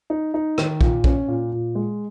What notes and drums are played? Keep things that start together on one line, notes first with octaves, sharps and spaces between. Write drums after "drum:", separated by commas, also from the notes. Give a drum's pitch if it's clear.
D#4
D#4
D#3, drum: rim click
A#2, drum: kick
C#4, drum: kick
A#2
A#2
G#3